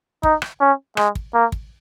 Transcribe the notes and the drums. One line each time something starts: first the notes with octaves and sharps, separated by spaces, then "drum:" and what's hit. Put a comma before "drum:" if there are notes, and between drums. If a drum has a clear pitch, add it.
D#4, drum: kick
drum: rim click
C#4
G#3, drum: rim click
drum: kick
A#3
drum: kick